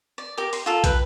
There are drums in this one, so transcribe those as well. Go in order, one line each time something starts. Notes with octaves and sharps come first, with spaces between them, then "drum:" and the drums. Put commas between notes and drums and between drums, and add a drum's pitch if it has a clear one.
D5
G4 A#4
C6, drum: open hi-hat
F4 A4 A#4
B4 G5, drum: kick, hi-hat